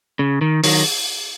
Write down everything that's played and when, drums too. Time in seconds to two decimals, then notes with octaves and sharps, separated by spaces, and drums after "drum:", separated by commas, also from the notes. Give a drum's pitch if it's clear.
0.19 C#3
0.41 D#3
0.64 D#3 F#3, drum: open hi-hat